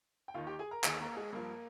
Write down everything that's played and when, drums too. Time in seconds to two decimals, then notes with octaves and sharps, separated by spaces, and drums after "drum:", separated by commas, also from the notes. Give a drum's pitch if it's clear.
0.28 G5
0.34 D#2 D#3 F4 F5
0.47 G4 G5
0.59 G#4 G#5
0.71 A#4 A#5
0.84 D#2 D#3 G#4 G#5, drum: clap
0.99 A#3 A#4
1.17 G#3 G#4
1.33 G2 F3 A#3 A#4